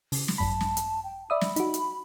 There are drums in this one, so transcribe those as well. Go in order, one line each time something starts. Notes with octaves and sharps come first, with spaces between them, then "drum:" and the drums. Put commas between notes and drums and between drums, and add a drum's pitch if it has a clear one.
C#3, drum: open hi-hat
drum: snare
G#1 F#2 A5 B5
drum: snare
drum: hi-hat
G5
D5 E5 B5 D#6
drum: snare
D#4 F#4, drum: hi-hat
drum: hi-hat